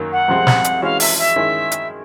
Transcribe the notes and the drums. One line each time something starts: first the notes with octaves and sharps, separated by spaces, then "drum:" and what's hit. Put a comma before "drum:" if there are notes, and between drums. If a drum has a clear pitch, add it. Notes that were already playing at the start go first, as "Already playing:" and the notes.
Already playing: F#2 D#3 F#3 A#3
F#5
C2 C3 F3 G#3 C4
drum: snare
drum: hi-hat
E3 G#3 C#4 F#4 F5
E5, drum: open hi-hat
E5
D#3 G#3 C#4 E4
drum: hi-hat